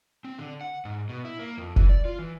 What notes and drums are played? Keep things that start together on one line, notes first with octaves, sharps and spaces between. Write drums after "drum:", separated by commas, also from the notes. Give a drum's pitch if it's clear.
C4
D3
F#5
G#2
B2
E4
A#3
F2
E3, drum: kick F1
D5
F4
E3